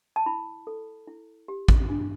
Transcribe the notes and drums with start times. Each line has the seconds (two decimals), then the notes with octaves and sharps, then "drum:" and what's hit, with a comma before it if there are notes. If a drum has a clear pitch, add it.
0.16 A5
0.26 E4 B5
0.67 A4
1.07 E4
1.48 G4
1.68 drum: kick A1
1.89 D4